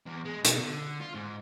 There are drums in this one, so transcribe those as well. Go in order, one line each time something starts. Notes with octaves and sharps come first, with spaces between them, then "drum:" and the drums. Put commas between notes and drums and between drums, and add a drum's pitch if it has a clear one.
E2
G#3
B2, drum: hi-hat
D3
F4
G#2